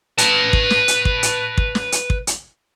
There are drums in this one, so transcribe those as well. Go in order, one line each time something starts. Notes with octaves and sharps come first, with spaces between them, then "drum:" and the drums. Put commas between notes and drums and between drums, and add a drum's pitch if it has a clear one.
B4 A5, drum: hi-hat
drum: kick
drum: snare
drum: hi-hat
drum: kick
drum: hi-hat
drum: kick
drum: snare
drum: hi-hat
drum: kick
drum: hi-hat